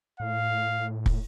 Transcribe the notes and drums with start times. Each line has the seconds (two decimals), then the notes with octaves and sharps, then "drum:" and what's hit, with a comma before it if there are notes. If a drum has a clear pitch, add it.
0.20 A2 F5
1.06 drum: kick